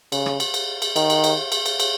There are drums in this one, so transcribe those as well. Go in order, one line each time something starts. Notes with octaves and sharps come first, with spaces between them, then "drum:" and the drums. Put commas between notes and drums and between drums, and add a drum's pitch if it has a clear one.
C#3, drum: cymbal
drum: rim click
drum: cymbal
drum: cymbal
drum: cymbal
D#3, drum: cymbal
drum: cymbal
drum: cymbal
drum: cymbal
drum: cymbal
drum: cymbal